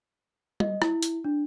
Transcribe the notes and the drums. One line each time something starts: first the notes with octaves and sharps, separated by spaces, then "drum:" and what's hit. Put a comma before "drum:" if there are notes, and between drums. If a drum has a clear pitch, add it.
D#5, drum: tom G3
E4, drum: rim click
drum: hi-hat
D4